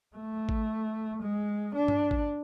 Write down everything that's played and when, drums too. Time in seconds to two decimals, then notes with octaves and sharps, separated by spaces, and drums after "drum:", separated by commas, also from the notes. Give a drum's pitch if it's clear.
0.16 A3
0.49 drum: kick G#1
1.22 G#3
1.75 D4
1.88 drum: tom G2
2.11 drum: kick G#1